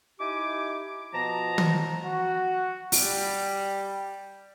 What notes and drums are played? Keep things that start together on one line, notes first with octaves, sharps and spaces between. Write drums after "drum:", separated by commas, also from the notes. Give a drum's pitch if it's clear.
D#4 E4 G4 G#5 D6
B2 F3 B3 A5 A#5
drum: tom
F#4
G3, drum: open hi-hat